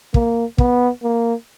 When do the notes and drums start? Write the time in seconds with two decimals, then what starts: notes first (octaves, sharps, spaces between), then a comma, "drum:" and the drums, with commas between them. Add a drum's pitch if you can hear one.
0.14 A#3, drum: kick
0.58 B3, drum: kick
1.03 A#3